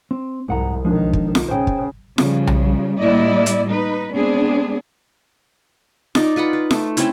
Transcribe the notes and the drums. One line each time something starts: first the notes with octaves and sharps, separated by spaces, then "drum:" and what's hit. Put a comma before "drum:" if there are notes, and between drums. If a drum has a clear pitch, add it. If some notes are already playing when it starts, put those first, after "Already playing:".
C4
C2 F2 G#2 F#5 A#5
B1 D#3 F3 G#3 D4
drum: kick
drum: snare F4
C#3 C5 G5
drum: kick
C#3 F3 G3, drum: snare F4
drum: tom B1
A2 G3 A#3 E4 D5 D#5
drum: hi-hat
D#4 B4
G#3 B3 C4 D4 G#4
D#4 D5, drum: snare F4
F4 B4 F#5 B5
B4
A3, drum: snare F4
A3 C4 C#4 E4, drum: hi-hat